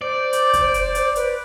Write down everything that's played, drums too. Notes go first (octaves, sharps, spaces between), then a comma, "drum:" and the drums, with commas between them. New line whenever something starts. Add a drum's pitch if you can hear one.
C5 D5
drum: hi-hat
drum: kick, hi-hat
drum: hi-hat
drum: hi-hat
B4, drum: hi-hat